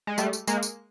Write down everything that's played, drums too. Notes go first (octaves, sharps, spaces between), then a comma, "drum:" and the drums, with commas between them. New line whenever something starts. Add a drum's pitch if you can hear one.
G#3
G3 A3, drum: tambourine
drum: tambourine
G#3 A#3, drum: tambourine
drum: tambourine